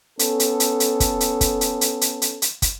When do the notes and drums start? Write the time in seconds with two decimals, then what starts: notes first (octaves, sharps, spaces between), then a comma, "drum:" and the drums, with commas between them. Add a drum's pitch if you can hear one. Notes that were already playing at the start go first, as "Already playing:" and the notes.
0.19 B3 C#4 A4, drum: hi-hat
0.40 drum: hi-hat
0.60 drum: hi-hat
0.80 drum: hi-hat
1.00 drum: kick, hi-hat
1.20 drum: hi-hat
1.41 drum: kick, hi-hat
1.61 drum: hi-hat
1.81 drum: hi-hat
2.01 drum: hi-hat
2.22 drum: hi-hat
2.42 drum: hi-hat
2.62 drum: kick, hi-hat